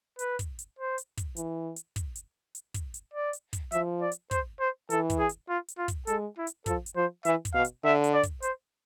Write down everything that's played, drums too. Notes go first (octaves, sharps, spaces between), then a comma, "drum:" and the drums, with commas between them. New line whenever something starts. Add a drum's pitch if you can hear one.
B4, drum: hi-hat
drum: kick, hi-hat
drum: hi-hat
C5
drum: hi-hat
drum: kick, hi-hat
E3, drum: hi-hat
drum: hi-hat
drum: kick, hi-hat
drum: hi-hat
drum: hi-hat
drum: kick, hi-hat
drum: hi-hat
D5
drum: hi-hat
drum: kick, hi-hat
F3 E5, drum: hi-hat
D5
drum: hi-hat
C5, drum: kick, hi-hat
C5
E3 A4, drum: hi-hat
drum: kick, hi-hat
G#4
drum: hi-hat
F4
drum: hi-hat
F4
drum: kick, hi-hat
G#3 A4, drum: hi-hat
E4
drum: hi-hat
F3 A4, drum: kick, hi-hat
drum: hi-hat
F3 C5
E3 E5, drum: hi-hat
drum: kick, hi-hat
B2 F5
drum: hi-hat
D3 E5
drum: hi-hat
D5
drum: kick, hi-hat
C5, drum: hi-hat